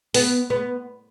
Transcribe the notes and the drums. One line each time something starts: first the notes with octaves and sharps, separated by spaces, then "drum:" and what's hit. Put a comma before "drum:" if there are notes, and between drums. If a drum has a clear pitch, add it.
B3, drum: open hi-hat
B3